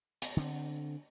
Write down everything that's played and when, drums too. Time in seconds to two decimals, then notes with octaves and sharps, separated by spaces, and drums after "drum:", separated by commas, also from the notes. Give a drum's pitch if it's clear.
0.22 drum: hi-hat
0.37 D3 C4